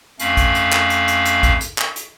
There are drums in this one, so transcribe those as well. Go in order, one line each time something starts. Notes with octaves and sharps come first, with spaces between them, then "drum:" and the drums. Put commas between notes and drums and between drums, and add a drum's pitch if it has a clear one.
F2 A3 C#4 F5 B5, drum: hi-hat
drum: kick A1, hi-hat
drum: hi-hat
drum: clap
drum: hi-hat
drum: hi-hat
drum: hi-hat
drum: kick A1, hi-hat
drum: hi-hat
drum: clap
drum: hi-hat